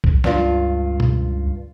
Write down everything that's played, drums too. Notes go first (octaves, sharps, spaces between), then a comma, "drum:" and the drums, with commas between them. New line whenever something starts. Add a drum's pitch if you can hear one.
drum: kick B1
C#2 G2 F4, drum: snare
drum: tom